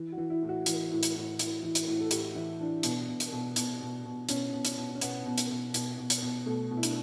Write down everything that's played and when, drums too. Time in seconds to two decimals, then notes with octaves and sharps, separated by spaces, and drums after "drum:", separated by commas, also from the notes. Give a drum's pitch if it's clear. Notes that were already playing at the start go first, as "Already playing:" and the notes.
Already playing: E3
0.12 F#4
0.18 E3
0.30 E4
0.43 A2
0.49 F#4
0.66 E3, drum: hi-hat
0.91 A2
1.03 drum: hi-hat
1.15 A2
1.39 A2, drum: hi-hat
1.63 E3
1.75 drum: hi-hat
1.87 A2
2.01 A4
2.11 A2 G4, drum: hi-hat
2.35 E3 E4
2.60 E3 D4
2.83 B2, drum: hi-hat
3.08 B2
3.20 drum: hi-hat
3.32 B2
3.56 B2, drum: hi-hat
3.81 B2
4.05 B2
4.29 B2 C#4, drum: hi-hat
4.53 B2
4.65 C#4, drum: hi-hat
4.77 B2
4.95 C#4
5.01 B2 B3, drum: hi-hat
5.26 B2
5.38 drum: hi-hat
5.50 B2
5.74 B2, drum: hi-hat
5.98 B2
6.10 drum: hi-hat
6.22 B2
6.46 B2 A3
6.71 B2
6.77 E4
6.83 D4, drum: hi-hat